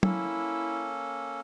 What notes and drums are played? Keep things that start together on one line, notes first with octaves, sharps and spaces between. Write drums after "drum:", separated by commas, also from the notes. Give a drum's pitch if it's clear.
A#3 C#4 E4 A4, drum: tom